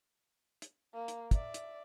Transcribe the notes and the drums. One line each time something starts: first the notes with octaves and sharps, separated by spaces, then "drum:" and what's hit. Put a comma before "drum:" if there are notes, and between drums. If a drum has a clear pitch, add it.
drum: hi-hat
A#3 F5
drum: hi-hat
D5 E5, drum: kick, hi-hat
drum: hi-hat